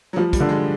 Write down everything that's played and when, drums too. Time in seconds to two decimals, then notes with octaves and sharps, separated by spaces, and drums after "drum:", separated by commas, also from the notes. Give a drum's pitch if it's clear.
0.13 F#3
0.16 F3 G3
0.33 G3, drum: kick, hi-hat
0.40 D3
0.49 G#3